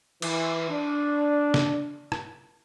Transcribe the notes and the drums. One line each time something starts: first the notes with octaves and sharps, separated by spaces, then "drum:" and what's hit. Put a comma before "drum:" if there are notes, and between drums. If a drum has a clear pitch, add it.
E3, drum: cymbal
D4
drum: snare
drum: rim click